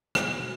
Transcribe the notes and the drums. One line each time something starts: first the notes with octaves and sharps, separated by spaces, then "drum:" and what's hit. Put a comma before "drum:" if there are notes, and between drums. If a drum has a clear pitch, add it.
B2, drum: rim click